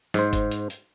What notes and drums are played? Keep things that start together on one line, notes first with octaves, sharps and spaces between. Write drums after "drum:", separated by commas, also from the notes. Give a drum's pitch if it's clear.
G#2 C5, drum: snare
drum: kick G1, hi-hat
drum: hi-hat
drum: hi-hat